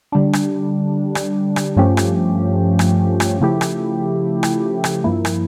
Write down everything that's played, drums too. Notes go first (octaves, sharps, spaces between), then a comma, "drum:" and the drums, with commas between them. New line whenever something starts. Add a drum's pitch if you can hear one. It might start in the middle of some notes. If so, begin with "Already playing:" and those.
D3 G3 D4
drum: rim click
drum: rim click
drum: rim click
G2 F3 A3 C#4 G4
drum: rim click
drum: rim click
drum: rim click
C#3 F3 A3 E4 G4
drum: rim click
drum: rim click
drum: rim click
G2 F3 A#3 E4
drum: rim click